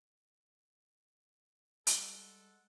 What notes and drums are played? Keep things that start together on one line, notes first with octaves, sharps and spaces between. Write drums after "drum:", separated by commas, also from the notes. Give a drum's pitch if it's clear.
G3 G#3 A4 F#5 C6, drum: hi-hat